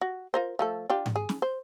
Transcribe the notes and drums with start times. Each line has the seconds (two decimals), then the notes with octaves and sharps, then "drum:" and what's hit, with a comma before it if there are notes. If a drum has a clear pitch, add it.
0.01 F#4
0.34 F4 A#4 C5
0.59 F3 A3 A4
0.90 D4 F4 G4
1.06 drum: tom G#2
1.16 G#4
1.29 drum: snare
1.42 C5